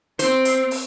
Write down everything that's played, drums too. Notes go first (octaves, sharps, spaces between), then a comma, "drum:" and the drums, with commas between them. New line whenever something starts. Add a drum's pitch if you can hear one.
C4 C5, drum: hi-hat
drum: hi-hat
drum: open hi-hat